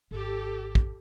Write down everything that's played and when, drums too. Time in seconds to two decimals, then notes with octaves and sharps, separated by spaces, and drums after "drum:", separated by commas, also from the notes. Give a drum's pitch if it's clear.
0.11 G#1 G4 A4
0.75 drum: kick